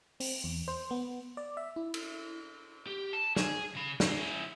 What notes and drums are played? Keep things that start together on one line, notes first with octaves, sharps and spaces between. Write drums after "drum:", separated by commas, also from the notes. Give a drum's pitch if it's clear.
C4, drum: open hi-hat
E2
C5
B3
D5
E5
E4
drum: cymbal
G4
A5
G#4 G#5, drum: snare
C#3 B5
F#2 G#3, drum: snare
C#4 E4